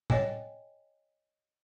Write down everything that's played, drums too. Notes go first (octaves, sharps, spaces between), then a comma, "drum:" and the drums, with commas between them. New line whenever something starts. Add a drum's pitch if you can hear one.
C#5 D#5 G5 G#5, drum: tom A2